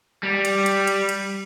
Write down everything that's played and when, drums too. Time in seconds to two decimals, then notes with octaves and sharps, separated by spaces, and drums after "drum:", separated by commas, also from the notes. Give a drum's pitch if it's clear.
0.23 G3
0.45 drum: cymbal
0.66 drum: cymbal
0.87 drum: cymbal
1.09 drum: cymbal